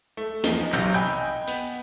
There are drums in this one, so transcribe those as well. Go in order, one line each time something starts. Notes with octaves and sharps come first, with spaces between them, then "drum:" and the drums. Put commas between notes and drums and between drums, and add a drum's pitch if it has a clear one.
A3
E2 F3 D#4 G7, drum: snare
B1 C3 F#3 G6, drum: clap
D#5 G5 G#5 B5 G6
B3, drum: open hi-hat